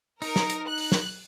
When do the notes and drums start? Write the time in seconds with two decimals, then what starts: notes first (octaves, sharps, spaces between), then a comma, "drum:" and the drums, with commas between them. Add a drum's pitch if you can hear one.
0.22 D#4 A#4, drum: open hi-hat
0.36 drum: snare
0.50 drum: hi-hat
0.68 F#6
0.78 drum: open hi-hat
0.92 drum: snare